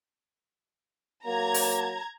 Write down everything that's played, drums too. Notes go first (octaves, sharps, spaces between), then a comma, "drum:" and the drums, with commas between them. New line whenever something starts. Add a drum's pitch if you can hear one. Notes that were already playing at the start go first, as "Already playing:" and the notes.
F#3 A#3 A#5 G#6
drum: open hi-hat